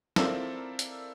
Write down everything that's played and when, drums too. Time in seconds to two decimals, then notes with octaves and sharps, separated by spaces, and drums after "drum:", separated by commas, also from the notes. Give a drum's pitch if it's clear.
0.16 C4 E4 F4 A4 A#4 D5, drum: snare
0.79 drum: hi-hat